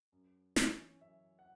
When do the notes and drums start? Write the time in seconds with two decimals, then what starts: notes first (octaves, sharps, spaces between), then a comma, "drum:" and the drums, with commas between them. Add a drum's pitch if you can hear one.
0.12 F#2
0.56 E3 C#4 C#5, drum: snare
1.01 F#2 E5
1.39 F#5